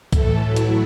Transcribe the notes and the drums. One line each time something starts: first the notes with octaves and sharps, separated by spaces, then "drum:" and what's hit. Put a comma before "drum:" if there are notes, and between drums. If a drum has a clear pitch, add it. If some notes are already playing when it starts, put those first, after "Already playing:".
A2 E3 A3 A4, drum: kick C2, hi-hat
A2 F#3 A3 E4
drum: hi-hat